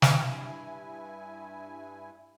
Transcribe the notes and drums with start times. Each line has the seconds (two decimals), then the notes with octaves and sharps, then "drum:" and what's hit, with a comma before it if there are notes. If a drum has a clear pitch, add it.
0.02 G2 E4 G#5, drum: snare